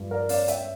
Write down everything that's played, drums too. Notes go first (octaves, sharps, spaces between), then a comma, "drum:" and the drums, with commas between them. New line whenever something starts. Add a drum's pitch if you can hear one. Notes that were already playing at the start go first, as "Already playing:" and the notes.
Already playing: G2 F3
A#4 D5
C#4 D5 F5, drum: open hi-hat
E5 G5, drum: hi-hat